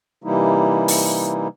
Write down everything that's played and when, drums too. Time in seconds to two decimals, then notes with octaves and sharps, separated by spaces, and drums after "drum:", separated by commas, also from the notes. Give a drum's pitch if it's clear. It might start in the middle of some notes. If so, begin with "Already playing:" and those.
0.24 C3 E3 G3 A#3 D#4 E4
0.88 drum: open hi-hat